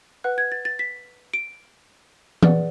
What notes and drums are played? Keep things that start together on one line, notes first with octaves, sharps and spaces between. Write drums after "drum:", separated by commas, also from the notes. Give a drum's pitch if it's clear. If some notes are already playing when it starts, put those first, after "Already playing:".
B4 F#5 F#6
G#6
A6
A6
B6
D7
G#4 B4 D5 F#5, drum: tom E3